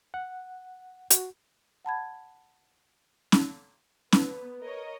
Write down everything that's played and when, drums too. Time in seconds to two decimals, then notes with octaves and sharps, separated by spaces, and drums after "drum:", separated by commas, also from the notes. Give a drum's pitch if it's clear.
0.14 F#5
1.10 F#4, drum: hi-hat
1.85 F#5 A5 B5 G#6
3.32 drum: snare
4.12 B3 B4, drum: snare
4.63 A#4 C#5 D#5